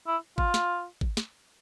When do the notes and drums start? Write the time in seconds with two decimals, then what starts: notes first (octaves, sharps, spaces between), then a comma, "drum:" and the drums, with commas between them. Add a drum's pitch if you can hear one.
0.07 E4
0.38 F4, drum: kick G#1
0.54 drum: snare
1.01 drum: kick G#1
1.17 drum: snare